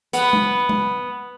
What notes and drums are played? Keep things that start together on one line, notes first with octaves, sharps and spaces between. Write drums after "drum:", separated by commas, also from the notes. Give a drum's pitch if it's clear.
B3, drum: hi-hat
drum: tom G#3
drum: tom G#3